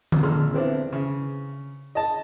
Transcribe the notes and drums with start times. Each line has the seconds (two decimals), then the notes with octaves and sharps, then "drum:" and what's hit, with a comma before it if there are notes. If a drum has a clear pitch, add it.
0.12 drum: tom D3
0.23 A#1 A4 C6 F6
0.54 B3 C4 D4 E4
0.93 C#3
1.95 D#5 A5